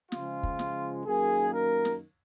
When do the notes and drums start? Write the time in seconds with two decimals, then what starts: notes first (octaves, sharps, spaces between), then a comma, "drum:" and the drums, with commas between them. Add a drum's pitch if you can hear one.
0.12 C#3 F3 G#3 F4, drum: snare
0.43 drum: kick
0.59 drum: snare
1.06 F#2 D#3 A#3 G#4
1.53 A#4
1.85 drum: snare